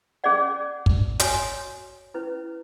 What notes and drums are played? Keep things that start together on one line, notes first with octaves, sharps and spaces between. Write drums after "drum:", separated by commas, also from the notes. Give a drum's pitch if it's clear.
C#4 G#4 D5 F#5
drum: kick
F#4 C#5 G#5, drum: hi-hat
C#4 E4 B4